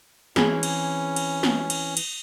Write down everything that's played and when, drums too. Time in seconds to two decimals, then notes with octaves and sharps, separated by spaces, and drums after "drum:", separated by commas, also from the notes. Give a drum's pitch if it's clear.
0.36 E3 C4 C#4 G#4, drum: snare
0.63 drum: cymbal
1.16 drum: cymbal
1.43 drum: snare
1.70 drum: cymbal
1.97 drum: cymbal